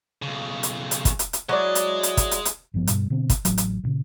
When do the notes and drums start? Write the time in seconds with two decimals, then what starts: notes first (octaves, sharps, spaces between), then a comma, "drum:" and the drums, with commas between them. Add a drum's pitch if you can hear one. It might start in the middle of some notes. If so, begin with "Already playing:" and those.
0.22 B1 C#3
0.63 drum: hi-hat
0.91 drum: hi-hat
1.05 drum: kick, hi-hat
1.19 drum: hi-hat
1.33 drum: hi-hat
1.49 F#3 E4 G#4 D5 D#5
1.75 drum: hi-hat
2.03 drum: hi-hat
2.17 drum: kick, hi-hat
2.31 drum: hi-hat
2.45 drum: hi-hat
2.74 G#1 G2 F3 B3
2.87 G2 B2 G3, drum: hi-hat
3.10 B2 D3 B3 C4
3.30 drum: kick, hi-hat
3.45 A1 F#3, drum: hi-hat
3.58 drum: hi-hat
3.84 A1 A#2 C#3